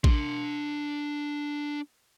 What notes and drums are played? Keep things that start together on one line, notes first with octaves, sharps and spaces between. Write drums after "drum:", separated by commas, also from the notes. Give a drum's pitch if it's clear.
D4 C6, drum: kick A1